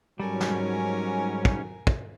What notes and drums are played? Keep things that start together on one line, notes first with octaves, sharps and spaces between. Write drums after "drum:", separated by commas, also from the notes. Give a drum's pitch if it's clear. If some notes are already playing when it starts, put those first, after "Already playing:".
G#2 F#3 G3 C#4 A4 A#4 G#5
drum: snare
drum: kick
drum: kick